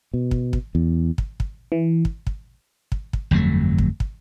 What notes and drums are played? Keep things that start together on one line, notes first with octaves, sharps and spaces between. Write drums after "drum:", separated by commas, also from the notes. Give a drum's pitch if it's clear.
B2
drum: kick
drum: kick
E2
drum: kick
drum: kick
E3
drum: kick
drum: kick
drum: kick
drum: kick
G1 F2 F#3 A3
drum: kick
drum: kick